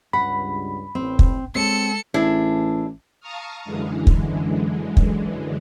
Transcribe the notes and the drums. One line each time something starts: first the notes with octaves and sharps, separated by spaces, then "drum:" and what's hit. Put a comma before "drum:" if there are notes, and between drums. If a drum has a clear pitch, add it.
C#2 G2 F#5 B5
A1 C4
drum: kick
G#3 C4 A4 C#5 C#7
A1 D4 E4 G#4
F5 A5 A#5 C#6 D#6 F6
F#2 D3 E3 G#3
drum: kick
drum: kick